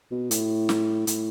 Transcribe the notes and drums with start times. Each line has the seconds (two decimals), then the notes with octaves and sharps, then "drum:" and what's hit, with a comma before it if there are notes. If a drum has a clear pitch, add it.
0.11 B2
0.31 A2, drum: hi-hat
0.69 drum: snare
1.07 A2, drum: hi-hat